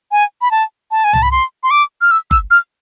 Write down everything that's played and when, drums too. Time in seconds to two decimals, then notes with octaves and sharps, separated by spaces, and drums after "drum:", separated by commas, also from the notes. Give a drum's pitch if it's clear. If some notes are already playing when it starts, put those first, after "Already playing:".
0.12 G#5
0.41 B5
0.51 A5
0.91 A5
1.04 G#5
1.13 A5, drum: tom C2
1.23 B5
1.31 C6
1.63 C6
1.71 D6
2.01 F6
2.11 E6
2.31 E6, drum: kick F#1
2.51 F6